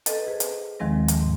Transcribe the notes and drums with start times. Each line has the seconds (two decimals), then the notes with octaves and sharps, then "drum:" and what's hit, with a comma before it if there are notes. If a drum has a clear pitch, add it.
0.06 A4 B4 D#5, drum: hi-hat
0.27 G#4 B4 C5
0.40 drum: hi-hat
0.80 D#2 D#3 F3 G#3 C4 A#6
1.08 drum: hi-hat
1.20 G#2